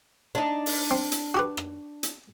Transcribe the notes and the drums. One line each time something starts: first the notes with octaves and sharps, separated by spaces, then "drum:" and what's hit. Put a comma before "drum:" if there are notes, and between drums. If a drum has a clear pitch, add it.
D4 D#4
drum: open hi-hat
C4
drum: hi-hat
F#4 G4 B4
drum: rim click
drum: hi-hat